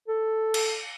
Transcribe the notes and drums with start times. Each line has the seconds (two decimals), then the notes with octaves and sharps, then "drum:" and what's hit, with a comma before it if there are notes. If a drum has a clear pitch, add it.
0.08 A4
0.54 drum: cymbal